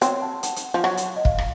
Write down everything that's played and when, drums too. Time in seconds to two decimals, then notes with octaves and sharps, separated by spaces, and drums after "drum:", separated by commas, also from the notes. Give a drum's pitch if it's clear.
0.01 C4 C#5, drum: hi-hat
0.22 A5
0.43 F#5, drum: hi-hat
0.56 drum: hi-hat
0.74 F3
0.84 F#3, drum: rim click
0.97 drum: hi-hat
1.16 D#5
1.25 F5, drum: kick
1.38 drum: rim click